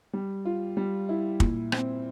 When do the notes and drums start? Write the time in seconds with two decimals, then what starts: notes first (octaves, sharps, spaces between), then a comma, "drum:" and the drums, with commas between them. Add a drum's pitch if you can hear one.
0.13 G3
0.45 F4
0.77 G3
1.09 E4
1.40 A#2, drum: kick
1.72 C4, drum: rim click